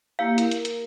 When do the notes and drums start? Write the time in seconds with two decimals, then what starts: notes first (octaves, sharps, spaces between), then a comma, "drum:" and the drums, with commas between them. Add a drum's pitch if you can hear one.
0.19 A#3 E4 G4 F5
0.38 A#4, drum: hi-hat
0.51 drum: hi-hat
0.65 drum: hi-hat